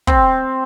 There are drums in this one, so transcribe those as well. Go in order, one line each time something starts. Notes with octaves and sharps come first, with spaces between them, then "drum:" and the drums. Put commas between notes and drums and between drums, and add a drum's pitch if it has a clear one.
C4, drum: kick